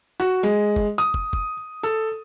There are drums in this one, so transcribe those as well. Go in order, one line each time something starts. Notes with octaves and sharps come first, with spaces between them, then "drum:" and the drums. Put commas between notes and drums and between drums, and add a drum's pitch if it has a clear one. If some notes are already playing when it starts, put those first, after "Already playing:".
F#4
G#3
drum: kick
D#6
drum: kick
drum: kick
A4